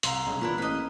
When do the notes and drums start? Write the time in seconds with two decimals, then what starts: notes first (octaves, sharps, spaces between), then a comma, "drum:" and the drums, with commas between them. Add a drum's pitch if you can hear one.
0.03 C2 F5 A#5 C6 F7, drum: hi-hat
0.26 B1 G2 C#3
0.41 A#2 E3 B3 C#4 D4 E4
0.58 A1 A#3 B4 D#5